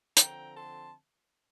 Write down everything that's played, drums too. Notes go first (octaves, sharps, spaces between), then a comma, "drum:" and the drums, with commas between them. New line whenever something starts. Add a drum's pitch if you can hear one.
D3 F3 C4 G5 A#5, drum: hi-hat
A5 C6